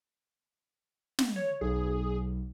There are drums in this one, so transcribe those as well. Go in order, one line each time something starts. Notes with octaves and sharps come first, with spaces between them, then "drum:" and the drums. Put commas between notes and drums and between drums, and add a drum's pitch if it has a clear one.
drum: snare
C#5
B1 G#4